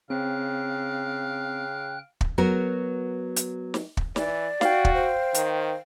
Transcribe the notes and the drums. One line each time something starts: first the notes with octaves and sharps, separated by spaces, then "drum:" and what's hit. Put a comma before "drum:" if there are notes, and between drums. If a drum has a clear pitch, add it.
C#3 C4 F5 G5 F#6
drum: kick
F#3 B3 F#4 A#4
drum: hi-hat
drum: snare
drum: kick
E3 D5, drum: snare
F#4 F5 G5, drum: snare
drum: kick
C5
D#3, drum: hi-hat